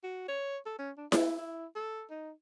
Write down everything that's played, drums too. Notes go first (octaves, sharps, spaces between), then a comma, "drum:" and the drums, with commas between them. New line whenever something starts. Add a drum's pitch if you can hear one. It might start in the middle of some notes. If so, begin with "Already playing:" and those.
F#4
C#5
A4
C#4
D4
E4, drum: snare E4
E4
A4
D#4